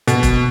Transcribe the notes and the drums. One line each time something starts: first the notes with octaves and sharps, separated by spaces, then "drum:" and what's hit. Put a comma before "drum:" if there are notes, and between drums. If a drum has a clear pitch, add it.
B2, drum: hi-hat
drum: kick E1, hi-hat